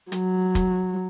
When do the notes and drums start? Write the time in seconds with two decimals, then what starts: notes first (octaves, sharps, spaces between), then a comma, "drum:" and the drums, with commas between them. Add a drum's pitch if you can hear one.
0.12 F#3, drum: hi-hat
0.55 drum: kick, hi-hat